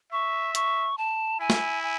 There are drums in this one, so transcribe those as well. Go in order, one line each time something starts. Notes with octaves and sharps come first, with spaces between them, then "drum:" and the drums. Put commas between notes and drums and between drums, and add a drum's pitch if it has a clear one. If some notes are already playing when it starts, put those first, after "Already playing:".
E5 C#6
C#6, drum: hi-hat
A5
E4 G#5
drum: snare
G#5